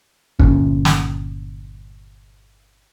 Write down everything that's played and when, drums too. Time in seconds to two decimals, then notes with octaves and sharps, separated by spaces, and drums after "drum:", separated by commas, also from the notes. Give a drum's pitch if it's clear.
0.39 G1 A#2 C#4, drum: kick
0.85 drum: snare